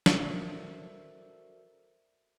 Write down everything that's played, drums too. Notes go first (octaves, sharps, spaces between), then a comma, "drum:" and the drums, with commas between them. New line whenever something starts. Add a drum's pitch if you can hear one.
F#4 A4 A#4 C5 D5 E5, drum: snare